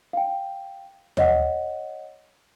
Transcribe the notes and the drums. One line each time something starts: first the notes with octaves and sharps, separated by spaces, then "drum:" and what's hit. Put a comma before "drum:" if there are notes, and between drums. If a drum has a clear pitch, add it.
F5 G5
C#5 D#5 F#5, drum: tom D#2